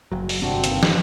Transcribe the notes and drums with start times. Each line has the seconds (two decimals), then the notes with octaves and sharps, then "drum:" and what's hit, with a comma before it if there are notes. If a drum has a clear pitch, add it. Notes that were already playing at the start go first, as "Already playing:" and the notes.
0.12 F#1 F#3
0.29 drum: open hi-hat
0.42 G1 C3 C4 D4 F#4
0.64 G2 D#3 A#3, drum: hi-hat
0.83 drum: snare